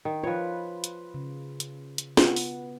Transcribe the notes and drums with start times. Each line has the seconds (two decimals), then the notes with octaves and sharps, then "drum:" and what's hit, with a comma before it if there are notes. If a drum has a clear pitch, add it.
0.05 D#3
0.24 F3 F4 B4 C#5
0.84 drum: hi-hat
1.14 C#3
1.60 drum: hi-hat
1.98 drum: hi-hat
2.17 B3 F4, drum: snare
2.36 drum: open hi-hat